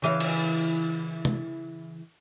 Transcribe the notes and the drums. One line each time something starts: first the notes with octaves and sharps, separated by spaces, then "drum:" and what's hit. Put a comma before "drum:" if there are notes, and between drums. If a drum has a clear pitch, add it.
C#3 E3 F5
drum: cymbal
drum: tom